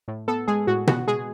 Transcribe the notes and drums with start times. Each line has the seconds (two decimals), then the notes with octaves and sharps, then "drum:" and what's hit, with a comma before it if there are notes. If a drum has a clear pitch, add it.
0.08 A2
0.28 B3 A4
0.48 G#3 G#4
0.67 A2 F#4
0.87 B3 F#4, drum: tom B2
1.08 G#3 G#4